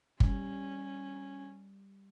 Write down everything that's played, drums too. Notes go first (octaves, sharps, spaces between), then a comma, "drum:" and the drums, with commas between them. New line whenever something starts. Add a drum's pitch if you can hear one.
G3 C#4, drum: kick G1